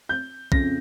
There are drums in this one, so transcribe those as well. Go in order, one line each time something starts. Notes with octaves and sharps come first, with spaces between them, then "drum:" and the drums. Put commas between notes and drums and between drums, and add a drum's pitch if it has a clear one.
G6
F2 C#3 A#6, drum: kick